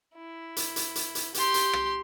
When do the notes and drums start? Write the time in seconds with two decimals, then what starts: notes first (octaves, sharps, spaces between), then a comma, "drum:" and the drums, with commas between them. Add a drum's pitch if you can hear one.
0.15 E4
0.56 drum: hi-hat
0.76 drum: hi-hat
0.95 drum: hi-hat
1.15 drum: hi-hat
1.34 G4 C6, drum: hi-hat
1.54 drum: hi-hat
1.73 drum: rim click